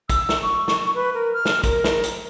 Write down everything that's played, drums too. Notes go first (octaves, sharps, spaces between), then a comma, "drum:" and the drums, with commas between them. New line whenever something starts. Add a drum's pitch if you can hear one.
E6, drum: kick, hi-hat
drum: snare
C#6
drum: snare
B4
A#4
F6
drum: snare
A#4, drum: kick, hi-hat
drum: snare
drum: hi-hat